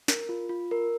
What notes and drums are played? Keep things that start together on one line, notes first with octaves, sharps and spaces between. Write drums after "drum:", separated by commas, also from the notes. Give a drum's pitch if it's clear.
A#4, drum: snare
F4
F4
A#4